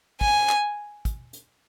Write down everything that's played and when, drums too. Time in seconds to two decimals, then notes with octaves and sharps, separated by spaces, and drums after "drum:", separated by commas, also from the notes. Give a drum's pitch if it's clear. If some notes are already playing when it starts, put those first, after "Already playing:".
0.21 G#5, drum: kick
0.49 drum: clap
1.05 drum: kick, hi-hat
1.33 drum: hi-hat